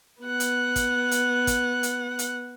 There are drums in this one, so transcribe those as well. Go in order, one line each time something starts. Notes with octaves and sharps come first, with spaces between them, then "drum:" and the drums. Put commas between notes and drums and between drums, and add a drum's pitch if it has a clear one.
B3 F#5
drum: hi-hat
drum: kick, hi-hat
drum: hi-hat
drum: kick, hi-hat
drum: hi-hat
drum: hi-hat